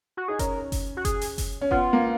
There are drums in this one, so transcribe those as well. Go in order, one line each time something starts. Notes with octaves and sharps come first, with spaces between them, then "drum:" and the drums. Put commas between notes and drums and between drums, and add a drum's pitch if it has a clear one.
F#4
D#4 G#4
C#4 A#4, drum: kick F#1, hi-hat
drum: kick F#1, open hi-hat
F#4
G#4, drum: kick F#1, hi-hat
drum: open hi-hat
drum: kick F#1, open hi-hat
C#4
B3 F4, drum: kick F#1
A#3